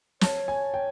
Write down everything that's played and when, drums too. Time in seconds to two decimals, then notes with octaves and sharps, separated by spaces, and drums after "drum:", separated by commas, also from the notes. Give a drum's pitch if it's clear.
0.21 C#5 A5, drum: snare
0.48 G#5
0.74 G5